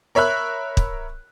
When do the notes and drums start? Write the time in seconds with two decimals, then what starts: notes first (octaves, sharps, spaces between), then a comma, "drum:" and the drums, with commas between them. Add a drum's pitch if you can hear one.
0.15 A#4 C#5 E5 B5 F#6
0.77 drum: kick